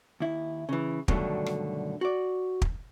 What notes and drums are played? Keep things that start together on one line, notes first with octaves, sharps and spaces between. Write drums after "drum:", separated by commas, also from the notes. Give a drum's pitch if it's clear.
D#2 E4
C#3 E3
G2 B2 D3 D#3 F#3 A3, drum: kick
drum: rim click
F#4 D5
drum: kick